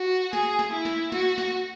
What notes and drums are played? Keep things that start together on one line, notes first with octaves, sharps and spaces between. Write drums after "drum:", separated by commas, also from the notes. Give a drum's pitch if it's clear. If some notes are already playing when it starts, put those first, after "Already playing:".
Already playing: F#4
G#4, drum: snare
drum: snare
E4
drum: snare
F#4, drum: snare
drum: snare